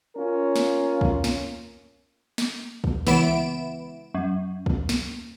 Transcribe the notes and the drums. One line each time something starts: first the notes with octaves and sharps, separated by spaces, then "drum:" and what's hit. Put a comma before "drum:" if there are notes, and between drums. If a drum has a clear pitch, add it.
C#4 F4 A#4
drum: snare
drum: kick
drum: snare
drum: snare
drum: kick
C#2 E3 B3 E4 D7 E7, drum: snare
F#2
drum: kick
drum: snare